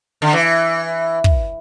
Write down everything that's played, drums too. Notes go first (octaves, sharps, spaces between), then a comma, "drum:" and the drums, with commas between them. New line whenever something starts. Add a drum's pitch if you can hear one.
D3
E3
drum: kick